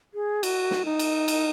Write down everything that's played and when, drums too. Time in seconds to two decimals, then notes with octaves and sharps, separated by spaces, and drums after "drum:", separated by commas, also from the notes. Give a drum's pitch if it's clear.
0.14 G#4
0.43 F#4, drum: cymbal
0.71 drum: snare
0.85 D#4
0.99 drum: cymbal
1.28 drum: cymbal